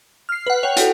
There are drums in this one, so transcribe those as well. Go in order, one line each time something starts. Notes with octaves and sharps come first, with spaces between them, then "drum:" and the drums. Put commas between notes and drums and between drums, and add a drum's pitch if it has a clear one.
F6 C7
B4 F#5
C#5 F#5 G5 F7
E4 F#4 A4, drum: hi-hat